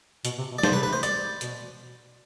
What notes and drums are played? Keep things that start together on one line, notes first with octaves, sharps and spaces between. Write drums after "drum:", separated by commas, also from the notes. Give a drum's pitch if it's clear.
B2, drum: hi-hat
C3
B2
D5
C3 C5, drum: snare
B4
B4
C5
D5, drum: hi-hat
B2, drum: hi-hat